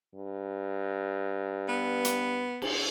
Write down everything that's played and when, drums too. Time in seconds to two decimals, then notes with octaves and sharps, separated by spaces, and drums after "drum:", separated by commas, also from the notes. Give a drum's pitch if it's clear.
0.15 G2
1.69 B3
2.05 drum: hi-hat
2.62 drum: cymbal